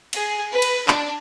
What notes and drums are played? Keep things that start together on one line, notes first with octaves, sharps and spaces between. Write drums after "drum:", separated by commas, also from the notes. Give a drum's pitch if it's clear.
G#4, drum: cymbal
B4
drum: cymbal
D4, drum: clap